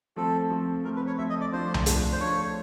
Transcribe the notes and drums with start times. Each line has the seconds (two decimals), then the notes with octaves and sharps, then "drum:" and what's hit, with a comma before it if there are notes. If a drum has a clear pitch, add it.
0.16 F3 A3 C4 A4
0.50 F3 A3 C4
0.84 F3 A3 C4 A#4
0.96 B4
1.07 C#5
1.18 F3 A3 C4 E5
1.30 D#5
1.41 D5
1.52 F3 A3 D4 F4 C5
1.74 drum: tom C2
1.86 F3 A3 D4 F4, drum: hi-hat
2.12 C5
2.20 F3 A3 D4 F4 C#5